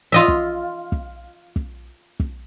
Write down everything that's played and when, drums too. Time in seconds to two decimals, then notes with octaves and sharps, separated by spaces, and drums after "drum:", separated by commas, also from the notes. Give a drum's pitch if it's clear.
0.12 F4 D#5 E5
0.28 drum: kick
0.92 drum: kick
1.56 drum: kick
2.20 drum: kick